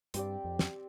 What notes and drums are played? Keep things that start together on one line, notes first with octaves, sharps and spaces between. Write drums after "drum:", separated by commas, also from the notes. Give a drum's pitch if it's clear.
G2 C4 G4 D5, drum: hi-hat
F2
drum: snare